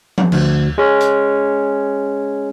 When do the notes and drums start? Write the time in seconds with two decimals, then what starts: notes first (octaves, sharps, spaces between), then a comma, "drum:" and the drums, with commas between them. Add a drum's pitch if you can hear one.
0.18 drum: tom F3
0.32 D2, drum: cymbal
0.78 G#3 C#4
1.01 drum: hi-hat